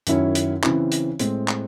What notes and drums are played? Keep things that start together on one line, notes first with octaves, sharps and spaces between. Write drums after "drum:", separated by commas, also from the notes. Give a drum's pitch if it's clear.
F#2 D#3 F#3 C#4 E4, drum: hi-hat
drum: hi-hat
C#3 E3 C4 E4, drum: clap
drum: hi-hat
A2 G#3 C4, drum: hi-hat
drum: clap